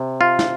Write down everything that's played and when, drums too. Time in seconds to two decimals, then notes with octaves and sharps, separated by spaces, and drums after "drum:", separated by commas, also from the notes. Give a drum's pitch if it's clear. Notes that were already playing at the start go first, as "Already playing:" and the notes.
Already playing: C3
0.21 F4
0.39 drum: snare